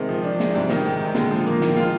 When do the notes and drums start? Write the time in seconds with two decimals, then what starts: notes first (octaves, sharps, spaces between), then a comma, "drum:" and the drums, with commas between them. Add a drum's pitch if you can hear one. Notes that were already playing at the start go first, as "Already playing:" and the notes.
Already playing: C3 D#3 G#3
0.09 F3
0.24 D4
0.40 G#3, drum: snare
0.54 G#2 C3 G3
0.69 D#3, drum: snare
0.85 G#3
1.00 D#3
1.15 A#2 D3 G#3, drum: snare
1.31 F3
1.46 A#3
1.61 D#3, drum: snare
1.76 F3 G#3 F4